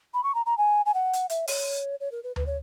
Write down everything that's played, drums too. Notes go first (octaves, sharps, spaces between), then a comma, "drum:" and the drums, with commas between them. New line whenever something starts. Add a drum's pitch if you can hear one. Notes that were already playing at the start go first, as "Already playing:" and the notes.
B5
C#6
A#5
A#5
G#5
G#5
F#5
drum: hi-hat
E5, drum: hi-hat
C#5, drum: open hi-hat
C#5
A#4
B4
B4, drum: tom D2
C#5